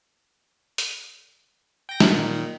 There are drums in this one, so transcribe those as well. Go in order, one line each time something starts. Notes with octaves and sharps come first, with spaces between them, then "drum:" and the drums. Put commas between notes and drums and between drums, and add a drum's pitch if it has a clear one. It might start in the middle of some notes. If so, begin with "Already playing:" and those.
drum: hi-hat
G5 A#6
drum: snare
A#2 D#3